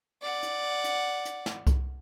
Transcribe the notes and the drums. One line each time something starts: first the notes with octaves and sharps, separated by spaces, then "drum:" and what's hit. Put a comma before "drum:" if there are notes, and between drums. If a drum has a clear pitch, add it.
D5 F#5
drum: hi-hat
drum: hi-hat
drum: hi-hat
drum: snare
drum: kick C2, hi-hat